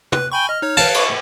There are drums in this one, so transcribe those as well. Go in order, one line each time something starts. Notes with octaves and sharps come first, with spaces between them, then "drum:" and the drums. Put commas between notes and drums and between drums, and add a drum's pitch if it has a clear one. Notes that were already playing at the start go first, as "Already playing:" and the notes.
B4 F#6, drum: tom
G5 G#5 B5 C#6
D#5 F6
D#4 C#5
B4 C#5 F5 A5, drum: cymbal
C#6, drum: cymbal